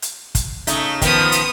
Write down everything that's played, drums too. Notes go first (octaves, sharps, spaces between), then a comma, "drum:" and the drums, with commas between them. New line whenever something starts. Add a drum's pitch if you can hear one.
drum: hi-hat
drum: kick, hi-hat
C#3 A3 D#4, drum: hi-hat
D#3 F3 B3 D#6, drum: kick, hi-hat
drum: hi-hat